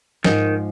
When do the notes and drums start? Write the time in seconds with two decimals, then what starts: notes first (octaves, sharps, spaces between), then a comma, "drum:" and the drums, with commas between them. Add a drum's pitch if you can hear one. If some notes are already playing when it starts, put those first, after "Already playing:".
0.24 G#2 D#3 F3 G#3, drum: snare